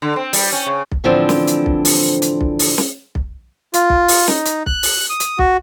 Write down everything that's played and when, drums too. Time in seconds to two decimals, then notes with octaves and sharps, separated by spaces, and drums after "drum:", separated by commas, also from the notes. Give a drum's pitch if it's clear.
0.02 D3
0.16 C4
0.33 G3, drum: open hi-hat
0.52 C#4
0.67 C#3
0.92 drum: kick B1
1.04 A2 D3 E3 F3 C4 D4
1.29 drum: snare
1.47 drum: hi-hat
1.66 drum: kick B1
1.85 drum: open hi-hat
2.22 drum: hi-hat
2.41 drum: kick B1
2.59 drum: open hi-hat
2.78 drum: snare
3.15 drum: kick B1
3.74 F4, drum: hi-hat
3.90 drum: kick B1
4.08 drum: open hi-hat
4.28 D#4, drum: snare
4.46 drum: hi-hat
4.66 F#6, drum: kick B1
4.83 drum: open hi-hat
5.10 D#6
5.20 drum: hi-hat
5.39 F#4, drum: kick B1